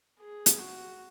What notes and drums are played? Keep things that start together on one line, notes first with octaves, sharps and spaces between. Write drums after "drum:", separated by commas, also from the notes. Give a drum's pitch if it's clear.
G#4
drum: hi-hat
F#4